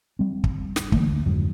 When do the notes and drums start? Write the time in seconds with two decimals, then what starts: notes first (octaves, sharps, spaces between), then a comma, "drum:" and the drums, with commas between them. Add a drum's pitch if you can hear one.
0.19 G3 C4
0.44 drum: kick
0.76 drum: snare
0.92 D3 E3 A3 A#3, drum: kick
1.11 D2
1.26 F2 G#2 D3 F#3